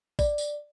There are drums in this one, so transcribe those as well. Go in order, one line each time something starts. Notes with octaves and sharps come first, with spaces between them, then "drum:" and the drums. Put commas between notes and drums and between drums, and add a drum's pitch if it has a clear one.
D5, drum: kick, tambourine
drum: tambourine